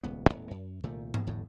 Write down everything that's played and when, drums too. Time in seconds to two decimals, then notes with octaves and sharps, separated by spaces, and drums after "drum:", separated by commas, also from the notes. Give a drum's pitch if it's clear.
0.03 D#1 C#2 B3
0.27 D#1 E2 A2 B3
0.51 F#2
0.83 C2 A#2 D#3 A3
1.14 drum: tom G#2
1.27 G1 E2 A2